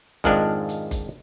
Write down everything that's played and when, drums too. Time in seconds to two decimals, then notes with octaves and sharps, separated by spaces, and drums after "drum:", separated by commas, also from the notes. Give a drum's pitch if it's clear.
0.24 F2 G#2 D#3 F3 G#3 D4, drum: kick F#1
0.69 drum: hi-hat
0.91 drum: kick F#1, hi-hat